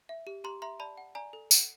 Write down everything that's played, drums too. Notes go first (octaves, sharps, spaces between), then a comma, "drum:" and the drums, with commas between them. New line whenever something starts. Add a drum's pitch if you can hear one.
E5
G4
G4 A#5 C6
E5 A#5 C6
D5 A5 B5
F#5
D5 G#5 A#5
A4
F#5, drum: tambourine